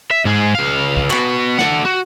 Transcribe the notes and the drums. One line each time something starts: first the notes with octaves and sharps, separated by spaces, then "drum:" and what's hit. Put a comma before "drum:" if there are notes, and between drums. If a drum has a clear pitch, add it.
E5
G#2 G#4
C#2 F5
drum: kick
B3 F#4, drum: clap
A3 F#5, drum: snare
F#4